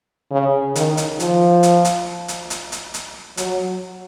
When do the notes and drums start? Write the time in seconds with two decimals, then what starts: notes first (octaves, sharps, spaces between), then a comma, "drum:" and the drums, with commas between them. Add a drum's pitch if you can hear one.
0.31 C#3
0.75 D#3, drum: hi-hat
0.97 drum: hi-hat
1.20 F3, drum: hi-hat
1.63 drum: hi-hat
1.85 drum: hi-hat
2.28 drum: hi-hat
2.50 drum: hi-hat
2.72 drum: hi-hat
2.94 drum: hi-hat
3.37 F#3, drum: hi-hat